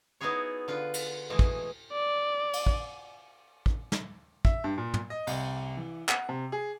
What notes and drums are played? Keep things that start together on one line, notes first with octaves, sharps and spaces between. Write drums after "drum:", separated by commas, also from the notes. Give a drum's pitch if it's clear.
B3 D#4 E4 F#4 G#4 C#5
D3 F4 B4
drum: cymbal
B2 E3 G#3 A3
drum: kick
D5
drum: cymbal
drum: kick
drum: kick
drum: snare
E5, drum: kick
G2
A#2
drum: tom
D#5
C2, drum: cymbal
E3
F#5, drum: clap
C3
G#4